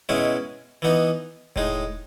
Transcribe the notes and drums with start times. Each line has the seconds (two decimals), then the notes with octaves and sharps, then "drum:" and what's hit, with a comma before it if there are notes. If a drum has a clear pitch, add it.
0.09 B2 G#3 C#4 E4
0.82 E3 B3 D#4
1.56 A2 G#3 D#4, drum: kick E1